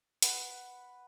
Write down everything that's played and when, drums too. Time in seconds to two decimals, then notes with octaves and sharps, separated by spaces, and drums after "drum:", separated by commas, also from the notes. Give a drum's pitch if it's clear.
0.22 B4 F#5, drum: hi-hat